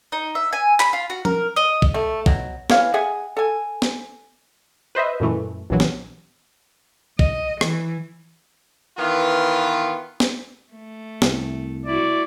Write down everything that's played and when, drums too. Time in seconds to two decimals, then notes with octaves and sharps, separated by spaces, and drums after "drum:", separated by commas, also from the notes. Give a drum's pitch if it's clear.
0.12 D#4
0.35 E5
0.53 G#5
0.80 B5, drum: clap
0.93 F4
1.10 F#4
1.25 A#4, drum: tom F3
1.56 D#5
1.82 drum: kick
1.94 A3
2.26 B2 F#3, drum: kick
2.70 E3 C#5 F5, drum: snare
2.94 G#4 E5 F#5 G#5
3.37 A4 G#5
3.82 drum: snare
4.95 B4 C5 D#5 E5
5.20 F#2 A#2 E3 A3
5.70 A#1 G2 A#2 E3 F#3
5.80 drum: snare
7.19 D#5, drum: kick
7.61 E3, drum: rim click
8.98 D#3 E3 B3 E4 F4
10.20 drum: snare
10.73 A3
11.22 C2, drum: snare
11.86 E4 F#4 D5